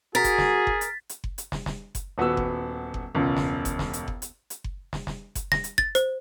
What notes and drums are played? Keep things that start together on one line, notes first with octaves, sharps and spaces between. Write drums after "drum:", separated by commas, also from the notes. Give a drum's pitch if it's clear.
F#4 G#4 A#4 A6 B6
drum: kick F#1, hi-hat
drum: snare
drum: kick F#1
drum: hi-hat
drum: hi-hat
drum: kick F#1
drum: hi-hat
drum: snare
drum: snare
drum: kick F#1, hi-hat
D#1 B3 F#4 E6
drum: kick F#1
drum: kick F#1
E1 C#2
drum: snare
drum: kick F#1, hi-hat
drum: snare
drum: hi-hat
drum: kick F#1
drum: hi-hat
drum: hi-hat
drum: kick F#1
drum: snare
drum: snare
drum: kick F#1, hi-hat
A#6, drum: snare
drum: hi-hat
A6, drum: kick F#1
C5, drum: hi-hat